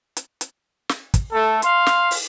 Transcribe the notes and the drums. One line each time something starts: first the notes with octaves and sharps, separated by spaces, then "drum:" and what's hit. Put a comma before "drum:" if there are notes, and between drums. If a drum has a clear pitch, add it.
drum: hi-hat
drum: hi-hat
drum: snare
drum: kick, hi-hat
A3 A4
F5 C6, drum: hi-hat
drum: snare
drum: open hi-hat